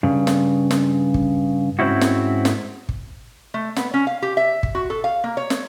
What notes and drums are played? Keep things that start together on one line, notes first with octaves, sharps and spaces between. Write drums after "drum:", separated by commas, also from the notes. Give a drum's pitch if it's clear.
G2 C#3
drum: snare
drum: snare
drum: kick
G#2 C4 C#4 E4 F#4
drum: snare
drum: snare
drum: kick
A3
B3, drum: snare
C#4
F5
G4
E5
drum: kick
F#4
A4
F5
A#3
C#5
drum: snare